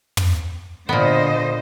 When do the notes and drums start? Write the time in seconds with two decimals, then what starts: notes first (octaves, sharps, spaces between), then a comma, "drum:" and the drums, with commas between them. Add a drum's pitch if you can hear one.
0.17 drum: tom
0.89 A#2 D3 B3 C5 D#5